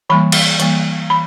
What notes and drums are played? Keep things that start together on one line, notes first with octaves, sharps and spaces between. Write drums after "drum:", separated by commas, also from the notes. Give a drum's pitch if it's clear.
E3 G3 A#3 B5
drum: cymbal
E3 G3 A#3, drum: hi-hat
E3 B5